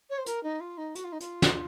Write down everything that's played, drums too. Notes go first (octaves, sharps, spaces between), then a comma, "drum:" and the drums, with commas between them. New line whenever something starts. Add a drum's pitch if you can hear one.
C#5
C5
A#4, drum: hi-hat
D#4
F4
D#4
F#4, drum: hi-hat
F4
D#4
F4, drum: hi-hat
drum: snare